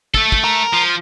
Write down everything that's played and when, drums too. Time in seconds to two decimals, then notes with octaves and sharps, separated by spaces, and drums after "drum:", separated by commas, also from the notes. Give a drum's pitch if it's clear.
0.14 A3 A4, drum: kick
0.32 drum: kick
0.44 A#4
0.73 F3